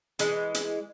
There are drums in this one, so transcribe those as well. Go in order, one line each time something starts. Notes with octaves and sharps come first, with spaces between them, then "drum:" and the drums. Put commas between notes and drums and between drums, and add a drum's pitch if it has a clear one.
E3 G#3, drum: hi-hat
drum: hi-hat